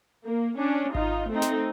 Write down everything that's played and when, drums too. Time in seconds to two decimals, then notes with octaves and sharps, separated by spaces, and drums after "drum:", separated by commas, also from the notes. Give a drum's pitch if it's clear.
0.25 A#3
0.58 C#4 D4
0.95 D#4 F4, drum: kick G#1
1.30 A3 C4 D#4
1.42 drum: snare